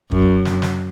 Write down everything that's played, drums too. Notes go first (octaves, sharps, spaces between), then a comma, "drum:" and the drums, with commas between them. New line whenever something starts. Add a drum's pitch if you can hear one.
F#2, drum: kick
drum: snare
drum: snare